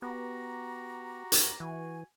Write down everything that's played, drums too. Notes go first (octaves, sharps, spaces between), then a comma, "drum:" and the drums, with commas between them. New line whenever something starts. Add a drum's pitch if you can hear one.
B3 F#4 G4 A#5
drum: hi-hat
E3 F#4 G#5